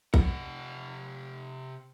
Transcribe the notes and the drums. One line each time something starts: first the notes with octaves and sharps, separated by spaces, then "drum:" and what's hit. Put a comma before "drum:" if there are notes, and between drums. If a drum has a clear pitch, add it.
C3 F#5, drum: kick A#1